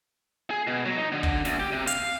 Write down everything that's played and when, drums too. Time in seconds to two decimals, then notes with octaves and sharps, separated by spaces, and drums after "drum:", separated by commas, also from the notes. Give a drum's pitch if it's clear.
0.51 G#4
0.67 B2
0.86 F#3
0.98 D#4
1.12 D3
1.23 drum: kick
1.45 D2, drum: snare
1.60 G4
1.72 C3
1.87 F5, drum: hi-hat